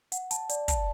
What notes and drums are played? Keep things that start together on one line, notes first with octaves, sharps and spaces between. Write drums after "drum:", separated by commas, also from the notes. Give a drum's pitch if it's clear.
F#5, drum: hi-hat
A5, drum: hi-hat
D5, drum: hi-hat
A5, drum: kick, hi-hat